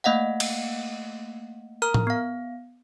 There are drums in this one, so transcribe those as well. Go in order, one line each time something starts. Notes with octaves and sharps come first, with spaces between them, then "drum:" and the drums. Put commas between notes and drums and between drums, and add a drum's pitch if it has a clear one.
A3 A#3 D#5 F5 F#5
drum: cymbal
A#4 A#5 F6
drum: tom A2
B3 F5